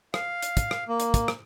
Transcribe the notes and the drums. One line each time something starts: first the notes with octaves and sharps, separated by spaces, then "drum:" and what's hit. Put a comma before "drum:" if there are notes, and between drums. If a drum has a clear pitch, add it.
F5, drum: rim click
drum: hi-hat
drum: kick, hi-hat
drum: rim click
A#3
drum: hi-hat
drum: kick, hi-hat
drum: rim click